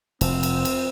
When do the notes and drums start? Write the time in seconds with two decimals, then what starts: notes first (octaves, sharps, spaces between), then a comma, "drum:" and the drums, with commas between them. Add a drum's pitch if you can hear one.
0.21 F1 C4, drum: cymbal
0.43 drum: cymbal
0.65 drum: cymbal